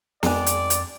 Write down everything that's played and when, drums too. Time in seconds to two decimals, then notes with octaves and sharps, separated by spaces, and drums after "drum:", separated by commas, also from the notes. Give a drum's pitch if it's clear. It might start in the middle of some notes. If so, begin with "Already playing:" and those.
0.23 F2 D#3 G#3 D5, drum: snare
0.46 drum: hi-hat
0.70 drum: hi-hat